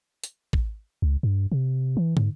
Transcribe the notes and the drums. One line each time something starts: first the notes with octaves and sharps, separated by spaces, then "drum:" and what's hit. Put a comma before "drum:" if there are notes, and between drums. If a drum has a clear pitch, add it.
drum: hi-hat
drum: kick
C#2
G2
C3
E3
G#2, drum: tom